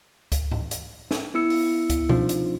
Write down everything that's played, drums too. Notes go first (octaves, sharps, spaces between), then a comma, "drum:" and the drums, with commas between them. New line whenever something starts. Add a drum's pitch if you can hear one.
drum: kick C#2, hi-hat
drum: tom G#2
drum: hi-hat
drum: snare
B3 E4 E6 C#7
drum: open hi-hat
drum: kick C#2, hi-hat
F3 C4 D4 D#4 F4, drum: tom B2
drum: hi-hat